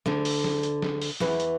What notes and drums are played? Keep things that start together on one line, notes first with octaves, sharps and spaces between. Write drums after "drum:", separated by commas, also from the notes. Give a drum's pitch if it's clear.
D2 D3, drum: snare
drum: open hi-hat
drum: snare
drum: hi-hat
drum: snare
drum: open hi-hat
E2 E3, drum: snare
drum: hi-hat